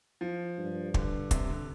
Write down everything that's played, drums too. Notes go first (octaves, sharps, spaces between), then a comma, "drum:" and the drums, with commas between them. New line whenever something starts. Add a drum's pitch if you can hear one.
F3
G2
D3, drum: kick
C3, drum: kick, hi-hat
D3